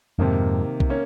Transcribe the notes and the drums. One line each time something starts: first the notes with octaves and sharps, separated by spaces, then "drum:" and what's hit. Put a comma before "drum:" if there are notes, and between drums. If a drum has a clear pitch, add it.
F2 G#2 C3 D#3 A#3
drum: kick B1
A#3 C#4